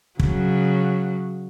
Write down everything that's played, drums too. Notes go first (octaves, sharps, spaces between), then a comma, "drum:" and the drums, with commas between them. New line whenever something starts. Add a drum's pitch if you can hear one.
C#3 F#3, drum: kick